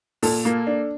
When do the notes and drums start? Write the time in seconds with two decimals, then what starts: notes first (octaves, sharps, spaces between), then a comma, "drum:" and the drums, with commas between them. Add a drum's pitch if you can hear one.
0.23 A#2 A4, drum: open hi-hat
0.45 A#3
0.67 D4